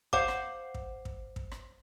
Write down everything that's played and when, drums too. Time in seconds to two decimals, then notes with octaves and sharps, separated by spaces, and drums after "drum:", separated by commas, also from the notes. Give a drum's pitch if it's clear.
0.13 C5 F5 F#5 D6, drum: kick
0.28 drum: rim click
0.74 drum: kick
1.05 drum: kick
1.36 drum: kick
1.52 drum: rim click